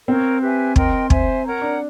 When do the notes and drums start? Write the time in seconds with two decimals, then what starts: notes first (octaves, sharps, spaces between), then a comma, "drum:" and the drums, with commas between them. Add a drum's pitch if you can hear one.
0.08 C4 A#4 C#5 F5
0.41 G4 B4 E5 G#5
0.76 A#4 D#5 G5 C6, drum: kick
1.10 C5 E5 G#5, drum: kick
1.45 A#4 C#5 F#5 A#5
1.62 D4